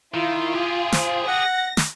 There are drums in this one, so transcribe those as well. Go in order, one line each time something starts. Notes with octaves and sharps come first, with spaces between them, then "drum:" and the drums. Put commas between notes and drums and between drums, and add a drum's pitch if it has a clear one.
D#3 E4 F4
G4 G#4
C5, drum: snare
F#5 A#6
drum: snare